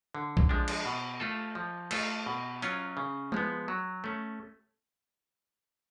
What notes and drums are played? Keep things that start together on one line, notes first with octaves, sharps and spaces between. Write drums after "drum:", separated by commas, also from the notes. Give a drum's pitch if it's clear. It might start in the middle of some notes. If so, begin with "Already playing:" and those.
D3
drum: kick A#1
F3 G#3 D4
drum: cymbal
B2
A3 F4 A4
F3
A3 F4 A4, drum: cymbal
B2
F#3 C#4 F4, drum: hi-hat
C#3
F3 G#3 B3, drum: tom
F#3
A3 C#4